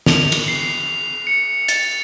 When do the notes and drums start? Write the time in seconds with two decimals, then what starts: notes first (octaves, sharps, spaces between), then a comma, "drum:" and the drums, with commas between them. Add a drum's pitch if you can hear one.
0.06 F7, drum: snare
0.32 drum: cymbal
0.48 C7
1.27 C#7
1.68 A6, drum: hi-hat